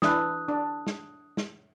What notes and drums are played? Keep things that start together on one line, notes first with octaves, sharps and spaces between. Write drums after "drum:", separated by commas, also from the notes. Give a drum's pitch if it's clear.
E3 D4 E4 D#6 F#6, drum: snare
D4
drum: snare
drum: snare